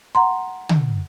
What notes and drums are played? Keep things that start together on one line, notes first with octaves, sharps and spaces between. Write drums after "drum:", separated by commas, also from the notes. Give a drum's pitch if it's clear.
F#5 A#5 C6
drum: tom